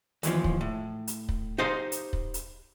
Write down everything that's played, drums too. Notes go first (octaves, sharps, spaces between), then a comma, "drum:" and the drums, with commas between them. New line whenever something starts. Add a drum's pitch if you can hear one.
D#2 E3 F3, drum: hi-hat
drum: kick
A2
drum: hi-hat
drum: kick
D#4 G4 C5 D#5 F5 C6
drum: hi-hat
drum: kick
drum: hi-hat